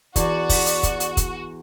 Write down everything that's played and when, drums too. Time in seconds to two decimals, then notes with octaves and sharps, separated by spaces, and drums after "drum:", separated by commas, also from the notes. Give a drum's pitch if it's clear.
0.16 E2 F#4 D5, drum: kick, hi-hat
0.49 drum: kick, open hi-hat
0.66 drum: hi-hat
0.83 drum: kick, hi-hat
1.00 drum: hi-hat
1.17 drum: kick, hi-hat